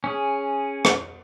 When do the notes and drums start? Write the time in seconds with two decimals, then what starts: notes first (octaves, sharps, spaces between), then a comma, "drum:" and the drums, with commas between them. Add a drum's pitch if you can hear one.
0.04 C#4 G#4
0.85 drum: rim click